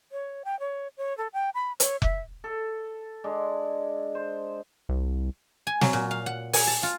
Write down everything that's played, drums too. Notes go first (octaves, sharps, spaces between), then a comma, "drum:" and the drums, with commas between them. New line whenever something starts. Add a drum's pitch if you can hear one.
C#5
G5
C#5
C#5
A4
G5
B5
C#5, drum: hi-hat
E5, drum: kick F1
A4
G#3 D4
C5
C2
G#5
F#3, drum: snare
A#2
F5
F#5
G#5, drum: open hi-hat
A5
F4